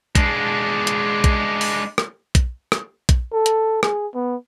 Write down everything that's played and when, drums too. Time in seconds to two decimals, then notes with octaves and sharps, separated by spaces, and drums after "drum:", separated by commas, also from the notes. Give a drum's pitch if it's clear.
0.15 G#3 D4, drum: kick A#1, hi-hat
0.87 drum: hi-hat
1.24 drum: kick A#1, hi-hat
1.61 drum: open hi-hat
1.98 drum: rim click
2.35 drum: kick A#1, hi-hat
2.72 drum: rim click
3.09 drum: kick A#1, hi-hat
3.32 A4
3.46 drum: hi-hat
3.83 G#4, drum: rim click
4.14 B3